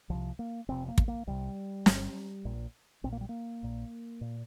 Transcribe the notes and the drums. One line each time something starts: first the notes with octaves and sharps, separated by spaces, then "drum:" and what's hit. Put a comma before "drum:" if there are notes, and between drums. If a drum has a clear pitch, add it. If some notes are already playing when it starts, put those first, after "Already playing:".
C2 C3 F3
A#3
F1 F2 C3 C4
A#3
drum: kick
A#3
C2 C3 G3
G1 G2, drum: snare
A#1 A#2
A#1 A#2 C4
A#3
G3
A#3
A#1 A#2
A#2